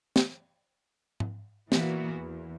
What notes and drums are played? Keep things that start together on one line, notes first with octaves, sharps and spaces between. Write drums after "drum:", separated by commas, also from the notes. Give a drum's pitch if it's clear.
drum: snare
drum: tom G#2
A#2 E3 A#3 B3 F#4, drum: snare
E2